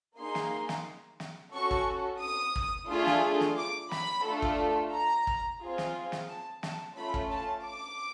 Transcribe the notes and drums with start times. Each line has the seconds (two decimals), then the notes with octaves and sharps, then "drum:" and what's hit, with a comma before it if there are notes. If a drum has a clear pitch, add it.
0.18 A#3 D#4 G#4 C6
0.35 drum: snare
0.69 drum: snare
1.20 drum: snare
1.54 C#4 F#4 A4 C#6
1.71 drum: kick
2.22 D#6
2.56 drum: kick
2.90 A3 D4 F4 G#4
3.06 drum: snare
3.40 drum: snare
3.57 D6
3.91 B5, drum: snare
4.25 A3 D4 F4 A4
4.42 drum: kick
4.93 A#5
5.27 drum: kick
5.62 C4 F4 G#4
5.78 drum: snare
6.12 drum: snare
6.29 A5
6.63 A5, drum: snare
6.97 A3 C#4 F4 B5
7.14 drum: kick
7.31 A5
7.64 D6